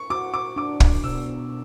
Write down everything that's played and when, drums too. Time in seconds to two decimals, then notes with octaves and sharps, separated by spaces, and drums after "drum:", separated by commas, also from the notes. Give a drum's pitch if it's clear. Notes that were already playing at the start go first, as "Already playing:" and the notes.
Already playing: C#6
0.10 F#4 D6
0.34 D6
0.56 D4 D6
0.80 drum: kick
1.04 B2 E6